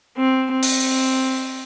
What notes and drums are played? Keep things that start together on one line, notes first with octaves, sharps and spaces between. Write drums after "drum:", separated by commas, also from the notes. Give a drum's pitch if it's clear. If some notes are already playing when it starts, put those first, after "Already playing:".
C4
C4
drum: open hi-hat